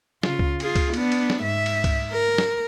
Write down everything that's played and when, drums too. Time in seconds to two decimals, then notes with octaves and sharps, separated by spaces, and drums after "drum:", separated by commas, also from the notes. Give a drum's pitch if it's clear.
0.23 C#3 F4, drum: snare
0.39 drum: kick C#2
0.60 F4 G#4, drum: cymbal
0.76 drum: kick C#2, cymbal
0.94 B3 D4, drum: cymbal
1.12 drum: cymbal
1.30 drum: snare
1.42 G#2 E5
1.66 drum: cymbal
1.84 drum: kick C#2, cymbal
2.11 A#4
2.38 drum: snare